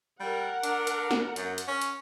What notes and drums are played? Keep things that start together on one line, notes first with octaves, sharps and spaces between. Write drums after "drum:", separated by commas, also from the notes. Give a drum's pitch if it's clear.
G3 A#4 F#5
D4, drum: hi-hat
drum: hi-hat
drum: snare
F#2, drum: hi-hat
drum: hi-hat
C#4
drum: hi-hat